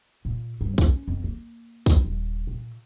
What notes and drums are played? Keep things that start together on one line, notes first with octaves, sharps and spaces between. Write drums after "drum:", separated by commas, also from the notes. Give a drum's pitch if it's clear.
A#2
G2
C#4, drum: kick, tambourine
F2
A#3
drum: kick, tambourine
D#1
A#2